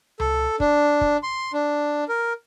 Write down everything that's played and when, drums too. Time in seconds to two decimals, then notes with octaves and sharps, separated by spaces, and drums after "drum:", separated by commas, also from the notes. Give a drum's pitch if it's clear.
0.20 A4, drum: tom C#2
0.60 D4, drum: kick
1.01 drum: kick
1.23 C6
1.53 D4
2.09 A#4